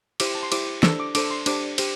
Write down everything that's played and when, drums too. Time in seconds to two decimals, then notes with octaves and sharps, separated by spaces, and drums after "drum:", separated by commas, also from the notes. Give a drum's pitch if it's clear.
0.20 E4 G4 C5 D6, drum: cymbal
0.35 A5
0.43 C6
0.52 E4 G4 C5 D6, drum: cymbal
0.83 D4 A4 C5 E6, drum: snare
1.00 D6
1.15 D4 A4 C5 D6, drum: cymbal
1.31 C6
1.46 D4 G4 C5 D6, drum: cymbal
1.78 G4 C5, drum: cymbal